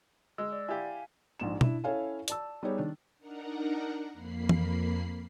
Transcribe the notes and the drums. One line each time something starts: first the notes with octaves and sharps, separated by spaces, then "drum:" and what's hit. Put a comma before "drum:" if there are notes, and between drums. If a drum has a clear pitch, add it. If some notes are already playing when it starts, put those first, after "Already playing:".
G#3 E6
D5
E4 G4 F5 G#5
A#1 G#2 E7
D4 E4, drum: tom B2
C#4 E4 A4 C#5 F5 G#5
D5 A5 E6, drum: hi-hat
G3 B3 D#4 G4 G#4 C#5
D#3 D4
D4 D#4 A#4 F#5 A#5
F2 A#3 B5 C7
drum: tom E3